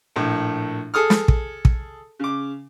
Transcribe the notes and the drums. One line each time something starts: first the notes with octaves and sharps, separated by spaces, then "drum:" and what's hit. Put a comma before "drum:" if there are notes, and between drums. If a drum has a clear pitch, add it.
A#1 A2
G#4 A4 D#6 F6
drum: snare
drum: kick
drum: kick
C#3 D6